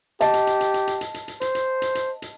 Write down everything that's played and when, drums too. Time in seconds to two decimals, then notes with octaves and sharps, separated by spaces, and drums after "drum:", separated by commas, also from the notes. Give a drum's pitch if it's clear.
0.21 G4 D#5 A5, drum: hi-hat
0.34 drum: hi-hat
0.47 drum: hi-hat
0.60 drum: hi-hat
0.74 drum: hi-hat
0.87 drum: hi-hat
1.01 drum: hi-hat
1.14 drum: hi-hat
1.28 drum: hi-hat
1.41 C5, drum: hi-hat
1.55 drum: hi-hat
1.82 drum: hi-hat
1.95 drum: hi-hat
2.22 drum: hi-hat